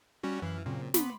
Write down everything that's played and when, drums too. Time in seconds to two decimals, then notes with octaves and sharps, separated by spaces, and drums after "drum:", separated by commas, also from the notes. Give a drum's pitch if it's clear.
0.23 G3 C#4 F#4
0.42 F#2 E3 F5 F#6
0.66 A#2 C#3 F#3 C4
0.94 B3 B5 C6 D6, drum: snare